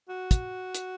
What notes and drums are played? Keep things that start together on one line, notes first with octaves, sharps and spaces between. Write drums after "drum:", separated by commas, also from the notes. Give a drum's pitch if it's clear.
F#4
drum: kick, hi-hat
drum: hi-hat